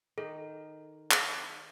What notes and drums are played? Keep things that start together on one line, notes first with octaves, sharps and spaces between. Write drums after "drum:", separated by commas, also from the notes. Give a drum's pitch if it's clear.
D#3 A4
drum: clap